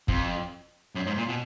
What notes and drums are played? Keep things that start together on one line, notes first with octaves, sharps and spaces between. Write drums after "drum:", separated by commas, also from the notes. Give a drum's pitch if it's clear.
F2, drum: kick
F#2
G#2
A#2
B2